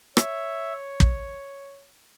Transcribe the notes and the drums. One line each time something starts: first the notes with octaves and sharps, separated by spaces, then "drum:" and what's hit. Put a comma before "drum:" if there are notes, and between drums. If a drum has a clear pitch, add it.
C#5 E5, drum: rim click
drum: kick